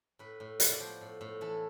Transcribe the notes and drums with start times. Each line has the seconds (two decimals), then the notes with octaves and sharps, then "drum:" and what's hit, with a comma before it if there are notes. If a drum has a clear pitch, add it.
0.19 A2 B4
0.40 A2
0.60 B3, drum: hi-hat
0.73 D5
0.80 F3 C5
1.01 A2
1.21 A2
1.41 E3 A4